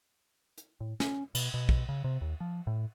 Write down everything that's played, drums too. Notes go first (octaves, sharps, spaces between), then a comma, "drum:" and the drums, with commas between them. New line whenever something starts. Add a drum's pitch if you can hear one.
drum: hi-hat
A2
C#4, drum: snare
B2, drum: cymbal
B2
drum: kick
C#3
C3
D#2
F3
A2